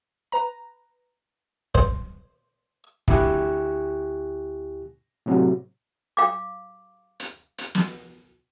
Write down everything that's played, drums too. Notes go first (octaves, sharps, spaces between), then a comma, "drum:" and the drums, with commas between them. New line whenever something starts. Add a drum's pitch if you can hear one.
B4 A#5
C5, drum: kick
D2 E4 G4 G#5 C#6 F#6, drum: kick
A2 C3 F#3
F5 D6
drum: hi-hat
drum: hi-hat
drum: snare